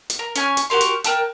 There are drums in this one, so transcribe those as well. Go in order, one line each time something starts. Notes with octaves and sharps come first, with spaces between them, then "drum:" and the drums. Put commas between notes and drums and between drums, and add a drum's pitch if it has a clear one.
drum: hi-hat
A#4
C#4 G#5 F6, drum: hi-hat
drum: hi-hat
F#4 G4 A#4 C6
drum: hi-hat
A#4 G5 A5 F#6, drum: hi-hat